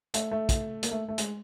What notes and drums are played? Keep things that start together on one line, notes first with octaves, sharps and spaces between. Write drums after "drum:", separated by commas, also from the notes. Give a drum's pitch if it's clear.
A3, drum: hi-hat
A3
drum: kick, hi-hat
A#3, drum: hi-hat
A3
A3
G#3, drum: hi-hat